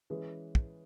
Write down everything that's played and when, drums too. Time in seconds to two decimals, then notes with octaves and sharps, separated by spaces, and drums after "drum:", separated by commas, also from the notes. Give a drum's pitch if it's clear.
0.10 E3 G#3 C#4 G#4 B4
0.55 drum: kick